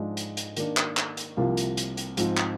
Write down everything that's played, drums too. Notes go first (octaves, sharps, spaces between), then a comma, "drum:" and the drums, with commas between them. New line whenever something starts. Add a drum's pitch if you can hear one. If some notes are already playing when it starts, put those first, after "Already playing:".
Already playing: G#2 F3 G#3 D4
drum: hi-hat
drum: hi-hat
D#3 A#3 D4, drum: hi-hat
drum: clap
drum: clap
drum: hi-hat
C2 C3 F3 A#3 F4
drum: hi-hat
drum: hi-hat
drum: hi-hat
G#2 F3 C4, drum: hi-hat
drum: clap